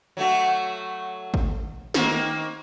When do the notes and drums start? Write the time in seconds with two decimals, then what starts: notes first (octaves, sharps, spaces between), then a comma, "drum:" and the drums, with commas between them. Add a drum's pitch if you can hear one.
0.17 F#3 A3 F#4
1.34 drum: kick G#1
1.94 D#3 A#3 C4, drum: snare